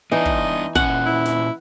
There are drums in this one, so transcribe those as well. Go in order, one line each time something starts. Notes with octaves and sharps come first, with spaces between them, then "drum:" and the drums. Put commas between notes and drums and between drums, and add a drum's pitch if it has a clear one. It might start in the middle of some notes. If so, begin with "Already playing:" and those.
E3 B3 D4 D#4 D#5
drum: kick
A#2 C#4 F#5 G#5, drum: kick
E4
drum: snare